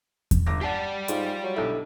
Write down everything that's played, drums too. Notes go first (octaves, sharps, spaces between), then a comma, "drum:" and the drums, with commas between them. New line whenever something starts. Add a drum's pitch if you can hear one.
drum: kick E2, hi-hat
G1 D6 A#6
G4 D5 F#5 A5 C7
G#2 F4, drum: hi-hat
F#3
B1 D3 E4